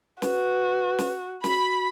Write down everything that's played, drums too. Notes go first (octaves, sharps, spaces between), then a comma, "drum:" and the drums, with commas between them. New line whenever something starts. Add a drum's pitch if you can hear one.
F#4 B4, drum: snare
drum: snare
F#4 B5, drum: snare